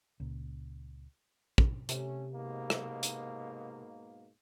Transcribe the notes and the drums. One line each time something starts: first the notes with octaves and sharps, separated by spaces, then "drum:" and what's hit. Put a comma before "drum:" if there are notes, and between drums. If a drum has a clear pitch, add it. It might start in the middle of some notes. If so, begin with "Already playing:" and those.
C#2 A#2
drum: kick
C3 A3 C#4, drum: hi-hat
G#2 B2 A#3
drum: rim click
drum: hi-hat